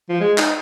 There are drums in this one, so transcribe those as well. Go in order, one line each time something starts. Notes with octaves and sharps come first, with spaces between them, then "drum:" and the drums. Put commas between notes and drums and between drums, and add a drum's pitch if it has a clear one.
F3
G#3
D#4, drum: clap